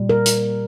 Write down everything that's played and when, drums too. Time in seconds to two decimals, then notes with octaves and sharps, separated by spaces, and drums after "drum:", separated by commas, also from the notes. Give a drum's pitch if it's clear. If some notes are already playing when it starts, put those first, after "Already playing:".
Already playing: A#2 G3
0.09 A#4
0.26 drum: hi-hat